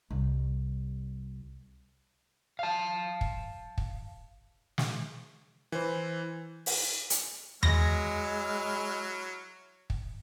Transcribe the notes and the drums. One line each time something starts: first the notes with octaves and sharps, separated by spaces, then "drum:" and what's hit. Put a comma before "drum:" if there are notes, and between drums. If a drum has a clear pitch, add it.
C2
F5 A5
drum: kick
drum: kick
drum: snare
E3 C5
drum: open hi-hat
drum: hi-hat
F#3 G#3 E4 F6 A#6, drum: tom E2
drum: kick